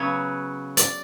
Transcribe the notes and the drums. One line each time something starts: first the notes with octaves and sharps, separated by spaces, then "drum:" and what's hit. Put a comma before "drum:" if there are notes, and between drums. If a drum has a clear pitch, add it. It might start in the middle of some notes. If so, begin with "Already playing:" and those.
Already playing: C#3 F#3 B3 C#5
D5, drum: hi-hat